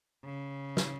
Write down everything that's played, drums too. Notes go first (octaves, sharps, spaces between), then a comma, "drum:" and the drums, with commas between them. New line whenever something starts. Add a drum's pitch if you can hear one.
C#3
drum: snare